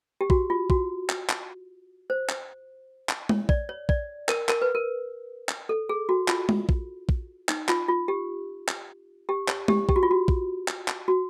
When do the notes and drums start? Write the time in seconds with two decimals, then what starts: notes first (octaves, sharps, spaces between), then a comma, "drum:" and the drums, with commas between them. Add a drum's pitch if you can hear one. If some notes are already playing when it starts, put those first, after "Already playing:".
0.21 G4
0.30 F#4, drum: kick
0.50 F4
0.70 F#4, drum: kick
1.10 drum: clap
1.30 drum: clap
2.10 C5
2.29 drum: clap
3.09 drum: clap
3.29 C#5, drum: tom
3.49 D5, drum: kick
3.69 C#5
3.89 D5, drum: kick
4.29 A#4, drum: clap
4.49 A#4, drum: clap
4.62 B4
4.75 A#4
5.49 drum: clap
5.69 A4
5.89 G#4
6.09 F#4
6.28 F4, drum: clap
6.49 drum: tom
6.69 drum: kick
7.09 drum: kick
7.49 D#4, drum: clap
7.69 F4, drum: clap
7.88 F4
8.08 G4
8.68 drum: clap
9.29 G4
9.48 C#5, drum: clap
9.68 G4, drum: tom
9.89 G4, drum: kick
9.96 F#4
10.03 F4
10.11 F#4
10.28 drum: kick
10.68 drum: clap
10.88 drum: clap
11.08 F#4